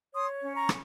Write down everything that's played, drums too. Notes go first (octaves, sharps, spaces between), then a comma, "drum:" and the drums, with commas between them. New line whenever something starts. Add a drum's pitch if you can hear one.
C#5 C6 D#6
C#4
A#5 C#6
drum: rim click